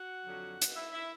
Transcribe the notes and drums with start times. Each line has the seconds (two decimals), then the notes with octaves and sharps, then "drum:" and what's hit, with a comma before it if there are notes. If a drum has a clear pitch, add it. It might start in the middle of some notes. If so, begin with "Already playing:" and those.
Already playing: F#4 F#5
0.24 F2 D3 F#3
0.62 drum: hi-hat
0.75 E4 E5
0.92 E4 E5